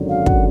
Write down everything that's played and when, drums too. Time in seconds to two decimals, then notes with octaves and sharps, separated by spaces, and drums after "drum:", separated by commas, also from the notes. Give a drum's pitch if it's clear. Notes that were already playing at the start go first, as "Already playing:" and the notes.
Already playing: G#1 F#2 D3 F#3
0.09 F5
0.26 F#5, drum: kick